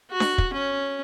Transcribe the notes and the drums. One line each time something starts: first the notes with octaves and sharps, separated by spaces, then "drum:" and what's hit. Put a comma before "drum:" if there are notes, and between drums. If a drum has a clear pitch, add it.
F#4
drum: snare D4
drum: kick
C#4